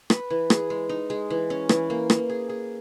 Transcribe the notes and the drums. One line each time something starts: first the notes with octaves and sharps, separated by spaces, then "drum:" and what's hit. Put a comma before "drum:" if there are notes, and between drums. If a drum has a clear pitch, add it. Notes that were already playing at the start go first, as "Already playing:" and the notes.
B4, drum: rim click
E3
G#4, drum: rim click
G#3
D#4
G#3
E3
C#4
E3, drum: rim click
A#3
A#3, drum: rim click
G#4
G#4